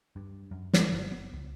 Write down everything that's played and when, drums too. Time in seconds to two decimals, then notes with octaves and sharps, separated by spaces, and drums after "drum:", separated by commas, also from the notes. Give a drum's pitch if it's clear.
0.16 G2
0.51 F#2
0.73 drum: snare
0.92 G1
1.12 B3
1.33 C#2